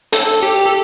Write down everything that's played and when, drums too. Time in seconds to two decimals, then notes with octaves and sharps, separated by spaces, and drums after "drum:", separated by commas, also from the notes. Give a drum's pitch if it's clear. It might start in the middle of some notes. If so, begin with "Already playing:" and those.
0.13 A4, drum: hi-hat
0.43 G4
0.66 A4